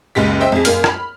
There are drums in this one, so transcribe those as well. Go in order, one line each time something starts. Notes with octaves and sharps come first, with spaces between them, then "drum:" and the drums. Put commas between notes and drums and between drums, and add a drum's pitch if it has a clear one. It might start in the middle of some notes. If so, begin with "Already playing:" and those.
F#1 C#2 G#3 G4 B6
C5 D#5 E5 G5
F2 G#4
F#2 A#3 F6, drum: open hi-hat
B5 F6, drum: rim click